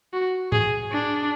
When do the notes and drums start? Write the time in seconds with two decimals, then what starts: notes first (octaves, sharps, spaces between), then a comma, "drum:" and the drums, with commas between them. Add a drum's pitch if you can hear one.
0.13 F#4
0.52 G#4, drum: tom G#2
0.92 D4